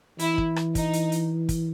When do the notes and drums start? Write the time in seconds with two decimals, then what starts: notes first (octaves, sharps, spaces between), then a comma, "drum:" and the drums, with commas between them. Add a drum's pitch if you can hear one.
0.19 E3 E4, drum: hi-hat
0.38 drum: kick
0.56 drum: rim click
0.75 D#4, drum: kick, hi-hat
0.93 drum: hi-hat
1.12 drum: hi-hat
1.49 drum: kick, hi-hat